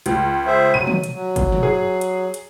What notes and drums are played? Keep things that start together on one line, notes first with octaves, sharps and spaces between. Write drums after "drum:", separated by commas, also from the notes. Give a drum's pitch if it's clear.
C#2, drum: hi-hat
G#4 C5 E5
F#3 D#7
drum: tom
drum: hi-hat
F#3
drum: kick G1, hi-hat
drum: tom
G#4
drum: hi-hat
drum: hi-hat